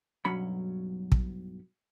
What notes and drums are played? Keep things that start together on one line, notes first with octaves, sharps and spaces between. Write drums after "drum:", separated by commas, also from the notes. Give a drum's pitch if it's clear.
B1 G2 F#3 C#4 B5
drum: kick